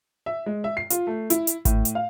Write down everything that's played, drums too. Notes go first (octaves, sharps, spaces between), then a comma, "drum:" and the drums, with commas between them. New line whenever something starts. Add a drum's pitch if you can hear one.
E5
G#3
E5
C7
F4, drum: hi-hat
A3
E4, drum: hi-hat
drum: hi-hat
A2, drum: kick G#1, hi-hat
drum: hi-hat
F5